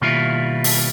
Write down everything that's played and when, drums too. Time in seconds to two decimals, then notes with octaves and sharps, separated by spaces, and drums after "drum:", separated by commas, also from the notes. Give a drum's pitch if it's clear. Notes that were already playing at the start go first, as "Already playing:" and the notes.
0.01 B2 D#3 G3 A#3 E4 F4
0.64 drum: open hi-hat